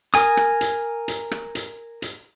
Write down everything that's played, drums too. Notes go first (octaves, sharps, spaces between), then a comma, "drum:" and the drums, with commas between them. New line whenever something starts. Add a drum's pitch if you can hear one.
A#4 G#5 D#6, drum: hi-hat
drum: rim click
drum: hi-hat
drum: hi-hat
drum: rim click
drum: hi-hat
drum: hi-hat